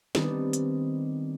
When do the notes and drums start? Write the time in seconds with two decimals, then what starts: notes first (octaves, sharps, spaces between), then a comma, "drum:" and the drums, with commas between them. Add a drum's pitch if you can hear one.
0.15 D#3 G3 B3 C4 D4 D#4, drum: snare
0.53 drum: hi-hat